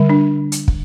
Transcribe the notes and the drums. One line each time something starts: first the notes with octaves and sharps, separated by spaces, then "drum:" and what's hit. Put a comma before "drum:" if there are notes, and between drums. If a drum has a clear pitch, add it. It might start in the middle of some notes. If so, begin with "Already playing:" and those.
Already playing: D3 G3
D4
drum: hi-hat
drum: kick